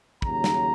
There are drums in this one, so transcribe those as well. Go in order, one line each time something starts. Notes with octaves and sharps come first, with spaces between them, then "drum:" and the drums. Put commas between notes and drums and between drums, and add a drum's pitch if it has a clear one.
D#2 C#3 F#3 A#5, drum: kick
drum: snare